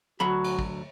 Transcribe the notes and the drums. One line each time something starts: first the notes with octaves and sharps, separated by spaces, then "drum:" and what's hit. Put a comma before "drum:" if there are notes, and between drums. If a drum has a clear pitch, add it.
D2 F#3 F#4 B5
drum: cymbal
drum: kick